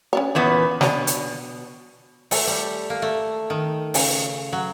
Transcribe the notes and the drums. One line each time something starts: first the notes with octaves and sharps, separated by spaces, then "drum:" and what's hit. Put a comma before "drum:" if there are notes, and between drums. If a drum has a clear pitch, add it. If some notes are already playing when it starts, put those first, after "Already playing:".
C#4 D4 C#5
E2 A#2 B3
B2 D4 C#5, drum: snare
drum: hi-hat
A3, drum: open hi-hat
G3
A#3
A3
D#3
C#3, drum: open hi-hat
F#3